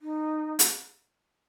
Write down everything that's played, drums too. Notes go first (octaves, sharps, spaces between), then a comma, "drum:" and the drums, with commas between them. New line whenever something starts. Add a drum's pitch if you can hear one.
D#4
drum: hi-hat